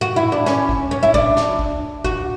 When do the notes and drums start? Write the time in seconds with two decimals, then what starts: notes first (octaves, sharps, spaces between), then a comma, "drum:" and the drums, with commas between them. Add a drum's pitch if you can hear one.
0.01 F#4
0.16 E4
0.32 D4
0.46 C#4, drum: snare
0.69 drum: kick
0.91 C#4
1.03 E4
1.14 D4, drum: kick
1.37 drum: snare
1.59 drum: kick
2.05 F#4, drum: kick